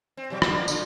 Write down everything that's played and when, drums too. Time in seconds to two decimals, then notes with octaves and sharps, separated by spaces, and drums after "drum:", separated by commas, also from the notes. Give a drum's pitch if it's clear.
0.17 C4
0.30 B2 F#3 G3
0.42 D3 A#3 B3, drum: rim click
0.68 D3 F4, drum: tambourine